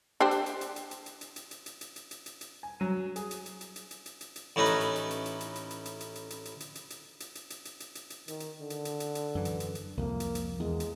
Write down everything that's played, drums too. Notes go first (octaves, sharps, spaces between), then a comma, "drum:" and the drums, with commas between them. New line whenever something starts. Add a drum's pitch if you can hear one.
D4 G4 C5
drum: hi-hat
drum: hi-hat
drum: hi-hat
drum: hi-hat
drum: hi-hat
drum: hi-hat
drum: hi-hat
drum: hi-hat
drum: hi-hat
drum: hi-hat
drum: hi-hat
drum: hi-hat
drum: hi-hat
drum: hi-hat
drum: hi-hat
G#5
F#3 D#7
G#4, drum: hi-hat
drum: hi-hat
drum: hi-hat
drum: hi-hat
drum: hi-hat
drum: hi-hat
drum: hi-hat
drum: hi-hat
drum: hi-hat
A1 A3 C#4 D#4 B4
drum: hi-hat
drum: hi-hat
drum: hi-hat
drum: hi-hat
drum: hi-hat
drum: hi-hat
drum: hi-hat
drum: hi-hat
drum: hi-hat
drum: hi-hat
drum: hi-hat
drum: hi-hat
drum: hi-hat
drum: hi-hat
drum: hi-hat
drum: hi-hat
drum: hi-hat
drum: hi-hat
drum: hi-hat
drum: hi-hat
drum: hi-hat
drum: hi-hat
drum: hi-hat
D#3, drum: hi-hat
drum: hi-hat
D3
drum: hi-hat
drum: hi-hat
drum: hi-hat
drum: hi-hat
F#2 E3
drum: hi-hat
drum: hi-hat
drum: hi-hat
C2 F2 A#3
drum: hi-hat
drum: hi-hat
E2 G#3
drum: hi-hat